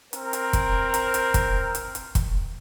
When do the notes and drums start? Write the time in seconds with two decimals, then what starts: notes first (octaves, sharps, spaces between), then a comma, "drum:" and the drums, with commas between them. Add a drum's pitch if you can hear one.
0.13 C4 A#4, drum: hi-hat
0.33 drum: hi-hat
0.53 drum: kick, hi-hat
0.94 drum: hi-hat
1.14 drum: hi-hat
1.34 drum: kick, hi-hat
1.75 drum: hi-hat
1.95 drum: hi-hat
2.15 drum: kick, hi-hat